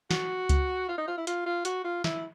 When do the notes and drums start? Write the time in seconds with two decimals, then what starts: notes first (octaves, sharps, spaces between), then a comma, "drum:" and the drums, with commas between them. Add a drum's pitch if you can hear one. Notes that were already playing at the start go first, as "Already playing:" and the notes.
0.11 F#4, drum: snare
0.49 drum: kick C#2, hi-hat
0.89 F4
0.98 D#4
1.07 F4
1.17 E4
1.27 F4, drum: hi-hat
1.46 F4
1.65 F#4, drum: hi-hat
1.84 F4
2.04 E4, drum: snare